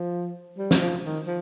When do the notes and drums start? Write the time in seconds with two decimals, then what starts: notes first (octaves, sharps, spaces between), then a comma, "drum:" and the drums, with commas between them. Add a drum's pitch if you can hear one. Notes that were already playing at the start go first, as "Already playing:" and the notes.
Already playing: F3
0.58 G3
0.71 drum: snare
0.81 F3
1.04 D#3
1.26 F3